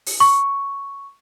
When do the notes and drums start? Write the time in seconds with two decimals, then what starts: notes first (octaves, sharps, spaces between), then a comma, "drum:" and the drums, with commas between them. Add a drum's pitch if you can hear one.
0.06 drum: open hi-hat
0.20 C#6